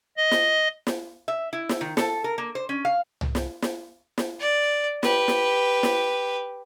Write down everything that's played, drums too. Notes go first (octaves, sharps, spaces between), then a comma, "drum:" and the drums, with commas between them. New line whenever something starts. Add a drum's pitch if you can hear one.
D#5
drum: snare
drum: snare
E5
E4
drum: snare
D#3
A4, drum: snare
A#4
A#3
C5
C#4
F5
drum: tom C2
drum: snare
drum: snare
drum: snare
D5
G4 B4, drum: snare
drum: snare
drum: snare